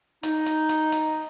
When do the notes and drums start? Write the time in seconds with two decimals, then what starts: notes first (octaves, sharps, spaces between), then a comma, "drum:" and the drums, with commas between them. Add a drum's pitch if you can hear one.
0.23 D#4, drum: hi-hat
0.46 drum: hi-hat
0.69 drum: hi-hat
0.92 drum: hi-hat